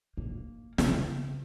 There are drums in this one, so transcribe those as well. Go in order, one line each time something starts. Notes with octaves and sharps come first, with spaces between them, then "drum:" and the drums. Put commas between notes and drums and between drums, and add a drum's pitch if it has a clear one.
A#3
C#3, drum: snare